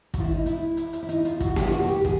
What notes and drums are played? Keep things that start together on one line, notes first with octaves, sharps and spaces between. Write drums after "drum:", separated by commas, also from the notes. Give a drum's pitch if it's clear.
F#4, drum: kick, hi-hat
F4
E4
D#4
E4, drum: hi-hat
drum: hi-hat
drum: hi-hat
E4
D#4, drum: hi-hat
F4, drum: hi-hat
F#4, drum: kick, hi-hat
G4, drum: snare A#3
F4
F#4, drum: hi-hat
G4, drum: hi-hat
G4
G#4, drum: kick, hi-hat